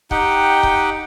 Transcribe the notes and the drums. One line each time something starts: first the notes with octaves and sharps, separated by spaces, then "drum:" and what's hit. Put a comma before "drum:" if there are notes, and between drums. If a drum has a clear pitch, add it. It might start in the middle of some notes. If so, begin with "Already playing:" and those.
D#4 G4 F#5 G5, drum: kick
drum: kick